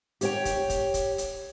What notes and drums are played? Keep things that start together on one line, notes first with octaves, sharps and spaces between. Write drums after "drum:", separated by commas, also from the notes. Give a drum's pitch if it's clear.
G4 C#5 G5, drum: hi-hat
drum: kick, hi-hat
drum: kick, hi-hat
drum: kick, hi-hat
drum: hi-hat